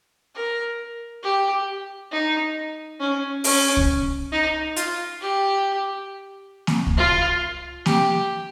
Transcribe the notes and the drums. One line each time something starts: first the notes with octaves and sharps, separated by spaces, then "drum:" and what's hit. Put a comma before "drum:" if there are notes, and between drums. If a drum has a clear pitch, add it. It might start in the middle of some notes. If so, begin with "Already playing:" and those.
A#4
G4
D#4
C#4
C#4, drum: open hi-hat
drum: kick C#2
D#4
F4, drum: hi-hat
G4
drum: snare A#3
drum: kick C#2
F4
G4, drum: snare A#3